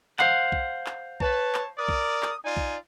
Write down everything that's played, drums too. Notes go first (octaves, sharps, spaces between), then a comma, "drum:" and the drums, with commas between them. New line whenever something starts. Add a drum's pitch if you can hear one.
C5 F5 F#5, drum: clap
drum: kick B1
drum: clap
B4 C#5 A5, drum: kick B1
drum: clap
A#4 D5 D#6
drum: kick B1
drum: clap
D#4 F4 D5 G#5
drum: kick B1